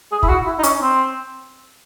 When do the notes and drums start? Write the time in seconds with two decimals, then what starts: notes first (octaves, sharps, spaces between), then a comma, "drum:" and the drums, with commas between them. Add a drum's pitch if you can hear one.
0.12 G#4
0.23 E4, drum: kick
0.29 F#4
0.46 E4
0.59 D#4
0.63 C#4, drum: hi-hat
0.82 C4